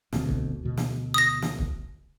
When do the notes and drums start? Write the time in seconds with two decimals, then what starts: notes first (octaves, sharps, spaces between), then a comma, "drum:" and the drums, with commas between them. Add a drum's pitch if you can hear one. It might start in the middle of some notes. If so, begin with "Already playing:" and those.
0.12 D2 B2 C4, drum: snare
0.29 drum: kick
0.63 D2 B2
0.77 drum: snare
1.14 D#6 A#6
1.42 drum: snare
1.59 drum: kick